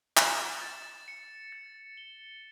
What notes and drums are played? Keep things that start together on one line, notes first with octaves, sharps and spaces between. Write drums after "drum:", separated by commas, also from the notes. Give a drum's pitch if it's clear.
E7, drum: clap
A6
C#7
A6
G7